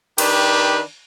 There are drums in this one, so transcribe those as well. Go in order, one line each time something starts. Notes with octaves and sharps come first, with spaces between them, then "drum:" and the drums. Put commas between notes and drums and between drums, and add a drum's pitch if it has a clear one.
D#3 D4 G4 B4, drum: cymbal